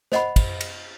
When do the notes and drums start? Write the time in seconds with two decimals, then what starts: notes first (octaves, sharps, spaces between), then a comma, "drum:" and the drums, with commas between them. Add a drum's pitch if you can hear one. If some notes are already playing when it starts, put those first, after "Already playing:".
0.12 C5 D#5 F#5 B5, drum: snare
0.36 drum: kick, cymbal
0.61 drum: cymbal